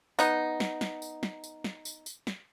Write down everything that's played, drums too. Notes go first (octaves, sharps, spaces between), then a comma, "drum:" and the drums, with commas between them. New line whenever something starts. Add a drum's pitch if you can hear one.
B3 D#4, drum: tambourine
drum: snare
drum: snare
drum: tambourine
drum: snare
drum: tambourine
drum: snare
drum: tambourine
drum: tambourine
drum: snare